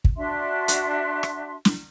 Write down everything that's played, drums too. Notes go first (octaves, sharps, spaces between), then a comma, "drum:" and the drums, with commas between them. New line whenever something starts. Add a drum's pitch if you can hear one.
drum: kick
D4 F#4 E5 C6
drum: hi-hat
drum: rim click
drum: snare